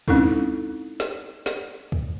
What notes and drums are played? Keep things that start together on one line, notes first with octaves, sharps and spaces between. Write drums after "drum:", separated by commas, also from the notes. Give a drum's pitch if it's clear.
G#3 C4 C#4 D#4 E4 A4, drum: kick
drum: snare
drum: snare
drum: kick